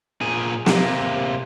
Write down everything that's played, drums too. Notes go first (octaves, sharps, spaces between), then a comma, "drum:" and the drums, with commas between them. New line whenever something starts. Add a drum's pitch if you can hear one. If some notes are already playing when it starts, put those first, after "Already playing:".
A#2 G#4
C3 A#3, drum: snare